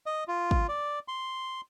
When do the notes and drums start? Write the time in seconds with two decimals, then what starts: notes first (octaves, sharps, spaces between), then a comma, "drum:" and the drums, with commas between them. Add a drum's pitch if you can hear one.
0.06 D#5
0.28 F4
0.51 drum: kick
0.69 D5
1.08 C6